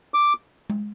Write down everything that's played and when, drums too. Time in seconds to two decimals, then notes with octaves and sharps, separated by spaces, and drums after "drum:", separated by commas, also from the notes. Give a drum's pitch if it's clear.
0.14 D6
0.70 drum: tom G#3